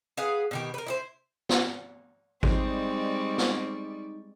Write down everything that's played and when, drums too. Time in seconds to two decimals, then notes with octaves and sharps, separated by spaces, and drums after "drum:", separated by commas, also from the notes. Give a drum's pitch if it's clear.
0.17 G#4 B4 F5 F#5
0.51 B2 D#3 G4
0.74 A#4 B4
0.86 E4 G#4 C5
1.49 drum: snare
2.43 G3 G#3 C4 D#4 D5 C#6, drum: kick G#1
3.38 drum: snare